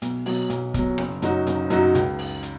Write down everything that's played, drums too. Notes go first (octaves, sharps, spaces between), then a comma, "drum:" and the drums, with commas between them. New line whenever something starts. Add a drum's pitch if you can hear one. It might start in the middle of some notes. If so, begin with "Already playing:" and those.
B1, drum: hi-hat
B2 F#3, drum: open hi-hat
B1, drum: hi-hat
B2 F#3, drum: kick, hi-hat
F#1, drum: rim click
F#2 F#3 D#4 F#4, drum: hi-hat
F#1, drum: hi-hat
F#2 F#3 D#4 F#4, drum: hi-hat
C#2, drum: hi-hat
drum: open hi-hat
drum: hi-hat